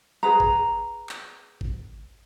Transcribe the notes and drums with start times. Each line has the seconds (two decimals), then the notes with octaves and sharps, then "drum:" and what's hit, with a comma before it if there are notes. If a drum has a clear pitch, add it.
0.23 G#4 B4 A#5
0.40 drum: kick
1.09 drum: clap
1.61 drum: kick